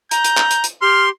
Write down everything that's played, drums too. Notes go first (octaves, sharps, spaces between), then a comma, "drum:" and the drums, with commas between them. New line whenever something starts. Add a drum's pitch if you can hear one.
A#5 G6, drum: hi-hat
drum: hi-hat
drum: clap
drum: hi-hat
drum: hi-hat
G4 C6 F6